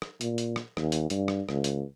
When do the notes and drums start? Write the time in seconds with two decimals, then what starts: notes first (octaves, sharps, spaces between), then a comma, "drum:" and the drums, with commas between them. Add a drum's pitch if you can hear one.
0.02 drum: rim click
0.21 A#2, drum: hi-hat
0.38 drum: hi-hat
0.56 drum: rim click
0.77 D#2, drum: rim click
0.92 drum: hi-hat
1.10 G2, drum: hi-hat
1.28 drum: rim click
1.49 C#2, drum: rim click
1.64 drum: hi-hat